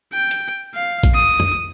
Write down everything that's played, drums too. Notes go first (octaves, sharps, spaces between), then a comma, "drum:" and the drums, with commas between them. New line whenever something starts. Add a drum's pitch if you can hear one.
G5
drum: hi-hat
F5
drum: kick, hi-hat
D#6
drum: tom F2